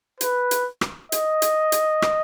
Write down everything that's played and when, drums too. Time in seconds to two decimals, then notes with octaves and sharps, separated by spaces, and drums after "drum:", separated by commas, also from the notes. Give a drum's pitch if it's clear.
0.21 B4, drum: hi-hat
0.51 drum: hi-hat
0.81 drum: rim click
1.12 D#5, drum: hi-hat
1.42 drum: hi-hat
1.72 drum: hi-hat
2.02 drum: rim click